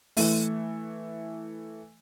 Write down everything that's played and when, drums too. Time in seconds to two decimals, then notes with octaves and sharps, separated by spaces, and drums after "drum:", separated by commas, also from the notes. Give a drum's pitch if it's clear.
0.17 E3 A3, drum: open hi-hat